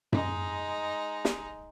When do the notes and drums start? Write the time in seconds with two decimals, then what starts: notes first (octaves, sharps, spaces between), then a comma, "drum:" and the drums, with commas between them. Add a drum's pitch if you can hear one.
0.13 G#3 D#4, drum: tom F#2
1.25 drum: snare